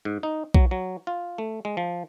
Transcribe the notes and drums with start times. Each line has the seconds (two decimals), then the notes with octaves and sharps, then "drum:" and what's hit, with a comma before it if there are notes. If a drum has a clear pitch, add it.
0.05 G#2
0.23 D#4
0.54 F#3, drum: kick B1
0.71 F#3
1.07 F4
1.38 A3
1.65 G#3
1.77 F3